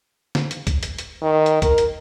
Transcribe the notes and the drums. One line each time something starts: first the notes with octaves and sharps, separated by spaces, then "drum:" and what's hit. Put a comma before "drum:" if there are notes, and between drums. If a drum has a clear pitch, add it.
drum: snare
drum: hi-hat
drum: kick, hi-hat
drum: hi-hat
drum: hi-hat
D#3
drum: hi-hat
A#4, drum: kick, hi-hat
drum: hi-hat